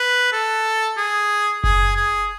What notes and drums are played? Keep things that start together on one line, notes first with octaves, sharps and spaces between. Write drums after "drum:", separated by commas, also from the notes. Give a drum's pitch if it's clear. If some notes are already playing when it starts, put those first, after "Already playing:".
Already playing: B4
A4
G#4
G#4, drum: kick F#1
G#4